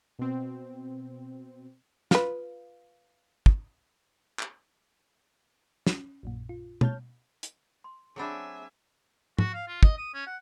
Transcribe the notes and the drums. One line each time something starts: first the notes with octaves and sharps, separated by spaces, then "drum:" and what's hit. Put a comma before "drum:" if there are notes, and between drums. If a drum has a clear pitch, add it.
B2 C4
F4 B4, drum: snare
drum: kick
drum: clap
C#4, drum: snare
A#1 F#2 A#2
F4
C#5 A5 F6 G6, drum: tom
drum: hi-hat
C6
F#3 C4 D4 G#4 E5 G#5 B5
F#4, drum: tom
F5
F4
D#5, drum: kick
D#6
C#4
F#5